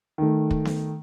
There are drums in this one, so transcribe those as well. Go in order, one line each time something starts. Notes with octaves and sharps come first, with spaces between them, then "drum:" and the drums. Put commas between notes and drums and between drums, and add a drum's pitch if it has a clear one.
D#3 A3
drum: kick
drum: snare B3